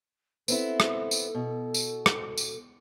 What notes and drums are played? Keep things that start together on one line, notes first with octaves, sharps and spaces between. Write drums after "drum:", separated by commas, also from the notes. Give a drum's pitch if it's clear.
B3 C4 E4 A4, drum: tambourine
drum: rim click
drum: tambourine
B2
drum: tambourine
drum: rim click
drum: tambourine